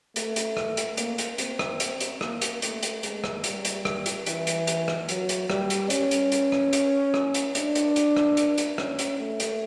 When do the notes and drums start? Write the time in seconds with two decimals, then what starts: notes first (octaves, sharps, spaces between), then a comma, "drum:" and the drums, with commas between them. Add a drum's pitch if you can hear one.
0.16 A3, drum: hi-hat
0.36 drum: hi-hat
0.57 drum: rim click
0.77 drum: hi-hat
0.97 A#3, drum: hi-hat
1.18 drum: hi-hat
1.38 C4, drum: hi-hat
1.59 drum: rim click
1.80 drum: hi-hat
2.00 drum: hi-hat
2.21 A#3, drum: rim click
2.42 drum: hi-hat
2.62 A3, drum: hi-hat
2.83 drum: hi-hat
3.03 G#3, drum: hi-hat
3.24 drum: rim click
3.44 G3, drum: hi-hat
3.65 drum: hi-hat
3.85 drum: rim click
4.06 drum: hi-hat
4.26 E3, drum: hi-hat
4.47 drum: hi-hat
4.67 drum: hi-hat
4.88 drum: rim click
5.09 F#3, drum: hi-hat
5.29 drum: hi-hat
5.50 G3, drum: rim click
5.70 drum: hi-hat
5.90 C#4, drum: hi-hat
6.11 drum: hi-hat
6.32 drum: hi-hat
6.52 drum: rim click
6.73 drum: hi-hat
7.14 drum: rim click
7.34 drum: hi-hat
7.55 D4, drum: hi-hat
7.75 drum: hi-hat
7.96 drum: hi-hat
8.17 drum: rim click
8.37 drum: hi-hat
8.58 drum: hi-hat
8.78 C#4, drum: rim click
8.99 drum: hi-hat
9.20 A3
9.40 drum: hi-hat